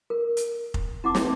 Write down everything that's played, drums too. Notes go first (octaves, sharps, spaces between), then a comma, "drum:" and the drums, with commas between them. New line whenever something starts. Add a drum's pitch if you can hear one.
A#4
drum: hi-hat
drum: kick F1
C4 E4 F#5 A5 D6
drum: snare